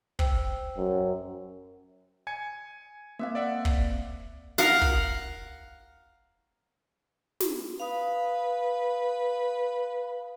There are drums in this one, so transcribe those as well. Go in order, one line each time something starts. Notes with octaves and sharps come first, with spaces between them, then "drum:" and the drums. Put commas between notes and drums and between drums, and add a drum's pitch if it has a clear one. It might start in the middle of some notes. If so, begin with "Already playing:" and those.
C5 G5 E6, drum: kick
F#2
G#5 G#6 C#7
A#3 C4 E5 F5
D5 E5 F#5
drum: kick
A#4 F5 F#5, drum: snare
drum: kick
drum: snare
B4 F5 D#6